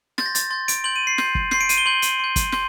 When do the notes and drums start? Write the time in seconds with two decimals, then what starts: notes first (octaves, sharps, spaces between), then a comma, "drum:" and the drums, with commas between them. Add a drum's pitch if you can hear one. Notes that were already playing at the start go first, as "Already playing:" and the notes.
0.18 C6 G6 A6, drum: snare
0.26 A#6
0.35 A6, drum: hi-hat
0.50 C6 G6 A6
0.68 D7, drum: hi-hat
0.84 C6 G6 F#7
0.96 D#7
1.07 C7
1.18 C6 G6, drum: snare
1.35 drum: kick
1.51 C6 G6 C7, drum: snare
1.61 D7
1.69 D#7, drum: hi-hat
1.78 G7
1.86 C6 G6 F#7
2.02 drum: hi-hat
2.19 C6 G6
2.36 drum: kick, hi-hat
2.52 C6 G6, drum: snare